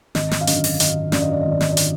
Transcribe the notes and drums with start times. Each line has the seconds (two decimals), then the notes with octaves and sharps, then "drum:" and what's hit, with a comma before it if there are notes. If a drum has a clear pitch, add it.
0.15 G#1 D#5, drum: snare
0.31 drum: snare
0.41 F5
0.47 F#2 D3 D#5, drum: hi-hat
0.64 drum: open hi-hat
0.80 G#1 D#5, drum: hi-hat
1.12 F#2 D3 D5, drum: snare
1.22 D#5
1.32 D5
1.41 G#1 D#5
1.51 D5
1.61 D#5, drum: snare
1.70 D5
1.77 D3, drum: hi-hat